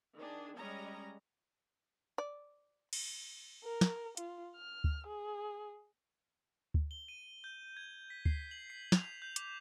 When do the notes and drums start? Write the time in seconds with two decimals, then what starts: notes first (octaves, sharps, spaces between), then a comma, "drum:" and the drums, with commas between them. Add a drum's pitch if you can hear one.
0.16 D#3 D4 G#4
0.56 G3 G#3 C#4 D#5 A#5
2.18 D5
2.93 drum: cymbal
3.64 A#4
3.81 drum: snare
4.17 F4, drum: hi-hat
4.56 F6
4.84 drum: kick D2
5.07 G#4
6.74 drum: kick D2
6.91 G7
7.08 D#7
7.44 G6
7.77 G#6
8.10 B6
8.25 C7, drum: kick D2
8.51 F#7
8.70 C7
8.92 F7, drum: snare
9.22 G6
9.36 D6, drum: hi-hat